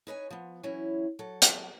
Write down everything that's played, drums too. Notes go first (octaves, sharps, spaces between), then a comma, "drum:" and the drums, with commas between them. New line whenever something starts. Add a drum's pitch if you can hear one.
D#4 B4 C#5 G#5
F3 B3
E3 F#3 C#4 E4
F#3 A4
drum: hi-hat